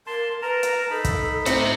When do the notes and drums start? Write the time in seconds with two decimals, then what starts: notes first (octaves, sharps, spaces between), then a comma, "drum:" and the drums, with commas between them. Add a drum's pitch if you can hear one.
0.07 A#4 A5 C6
0.42 A#4 B4 A5 A#5
0.63 drum: hi-hat
0.90 D#4 A4 B5
1.05 drum: kick, hi-hat
1.46 A2 C4 C5 E5 C#7, drum: hi-hat